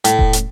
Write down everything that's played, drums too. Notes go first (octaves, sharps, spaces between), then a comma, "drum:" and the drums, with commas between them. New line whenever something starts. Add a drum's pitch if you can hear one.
A2, drum: hi-hat
drum: kick E1
drum: hi-hat